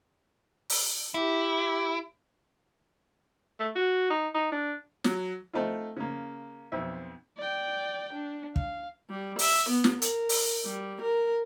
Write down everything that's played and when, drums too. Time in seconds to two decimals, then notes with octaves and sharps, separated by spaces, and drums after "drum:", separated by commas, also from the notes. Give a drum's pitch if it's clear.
0.70 drum: open hi-hat
1.14 E4 G4
3.60 A3
3.75 F#4
4.10 D#4
4.34 D#4
4.52 D4
5.04 F#3, drum: snare
5.53 A3 C4 D#4 F4
5.97 C#3 A#3
6.72 B1 F2 C4 E5
7.37 D5 G5
8.14 D4
8.56 F5, drum: kick
9.10 G3
9.39 E5, drum: open hi-hat
9.69 B3
9.84 drum: snare
10.02 A#4, drum: hi-hat
10.29 drum: open hi-hat
10.65 G3
11.01 A#4